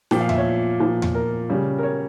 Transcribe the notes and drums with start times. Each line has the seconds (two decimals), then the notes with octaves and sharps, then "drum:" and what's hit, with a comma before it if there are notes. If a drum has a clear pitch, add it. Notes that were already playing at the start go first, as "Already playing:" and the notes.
0.11 A#2 F3 G5, drum: snare
0.20 F5
0.29 E5, drum: tom E2
0.38 C#5
0.80 A#2 F3
1.02 drum: tom E2
1.15 A#4
1.50 C#3 G3
1.78 A#4
1.83 C#5